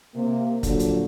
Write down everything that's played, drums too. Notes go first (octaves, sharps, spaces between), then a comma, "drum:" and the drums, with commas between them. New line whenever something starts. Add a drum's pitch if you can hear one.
C3 A#3
A#2 D3 F3 F#3, drum: kick, hi-hat
drum: hi-hat